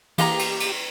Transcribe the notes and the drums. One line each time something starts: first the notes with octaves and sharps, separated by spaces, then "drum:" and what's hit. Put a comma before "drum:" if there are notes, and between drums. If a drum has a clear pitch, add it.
E3 A#3 G4 D#5 A#5, drum: cymbal
drum: cymbal
drum: cymbal